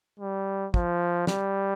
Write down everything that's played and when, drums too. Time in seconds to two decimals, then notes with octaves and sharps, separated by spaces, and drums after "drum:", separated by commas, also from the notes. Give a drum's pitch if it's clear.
0.20 G3
0.74 F3, drum: kick
1.27 G3, drum: snare